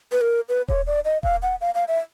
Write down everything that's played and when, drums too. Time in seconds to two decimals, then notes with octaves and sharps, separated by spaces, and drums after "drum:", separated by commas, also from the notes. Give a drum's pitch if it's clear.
0.12 B4
0.21 A#4
0.49 B4
0.68 C#5, drum: kick D#1
0.87 D5
1.05 D#5
1.23 F5, drum: kick D#1
1.42 F#5
1.61 F5
1.75 F5
1.88 E5